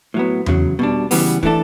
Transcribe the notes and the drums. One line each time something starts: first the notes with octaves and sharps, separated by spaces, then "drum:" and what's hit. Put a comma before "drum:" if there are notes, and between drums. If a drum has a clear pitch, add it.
A2 F#3 B3
E2 C#3 F#3, drum: tom E2
B2 G3 D4
F#2 C#3 E3 G3 B3, drum: open hi-hat
E3 A3 D4 A4, drum: kick